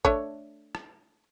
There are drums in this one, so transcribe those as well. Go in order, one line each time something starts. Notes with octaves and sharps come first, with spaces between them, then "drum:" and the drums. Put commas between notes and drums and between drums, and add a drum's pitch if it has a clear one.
A3 D4 C#5, drum: kick G#1
drum: rim click